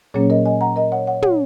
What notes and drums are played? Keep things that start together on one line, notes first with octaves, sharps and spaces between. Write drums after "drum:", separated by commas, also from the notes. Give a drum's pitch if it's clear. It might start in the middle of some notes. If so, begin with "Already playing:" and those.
A#2 F#3 A#3 C#4 G#4 C#5
A#4 D#5
D#5 G#5
F#5 A#5
A#4 D#5
C#5 F#5
C#5 F#5
C#5 F#5, drum: tom